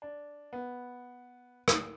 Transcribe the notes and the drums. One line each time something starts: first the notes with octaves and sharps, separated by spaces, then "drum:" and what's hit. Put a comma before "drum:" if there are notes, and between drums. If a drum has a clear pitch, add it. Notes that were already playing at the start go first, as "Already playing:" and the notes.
D4
B3
E6, drum: rim click